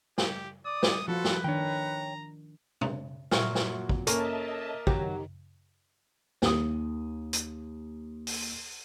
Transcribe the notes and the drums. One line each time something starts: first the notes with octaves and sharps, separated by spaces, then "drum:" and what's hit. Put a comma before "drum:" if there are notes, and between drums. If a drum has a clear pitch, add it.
G4, drum: snare
D5 D#6
drum: snare
F3 F4 F#4 A4 B4
drum: snare
D#3 D4 C#5 G5 A#5
drum: tom B2
A#2 F#3 E5 C#6 F6, drum: snare
drum: snare
drum: kick
A#3 C#4 A4 C#5 D#5 E5 A5, drum: hi-hat
D#3 F#3 G4 A#5, drum: kick
D#2 D#6, drum: snare
drum: hi-hat
drum: open hi-hat